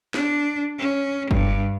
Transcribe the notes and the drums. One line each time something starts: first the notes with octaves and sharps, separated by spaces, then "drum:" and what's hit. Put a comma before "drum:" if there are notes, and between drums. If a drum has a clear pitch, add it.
D4, drum: snare
C#4
G2, drum: kick F#1